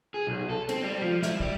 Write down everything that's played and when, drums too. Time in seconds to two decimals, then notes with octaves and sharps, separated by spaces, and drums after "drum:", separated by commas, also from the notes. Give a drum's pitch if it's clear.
0.14 G#4
0.27 B1
0.50 A4
0.69 C4, drum: cymbal
0.83 G3
1.02 F3
1.22 E4, drum: snare
1.40 G3, drum: kick